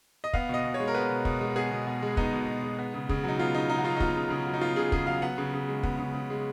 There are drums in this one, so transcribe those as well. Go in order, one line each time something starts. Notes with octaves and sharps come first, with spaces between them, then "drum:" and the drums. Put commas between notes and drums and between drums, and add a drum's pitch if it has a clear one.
D#5
B3 F5, drum: kick
B2 D#5
B2
C#5
G#3
A#4
B3 B4
B2
B2, drum: kick
G#3
B3 G#4
B2
B2
G#3
B3 D#4, drum: kick
B2
B2
G#3
B3
C#3
C#3, drum: kick
F#3 D#4
B3 F4
C#3 D#4
C#3 D#4
F#4
F#3 F4
D#4
B3 F4, drum: kick
C#3
C#3
F#3
D#4
B3 F4
C#3 G#4
C#3 G#4, drum: kick
F#3 F5
B3 F#5
C#3
C#3
G#3
B3, drum: kick
C#3
C#3
G#3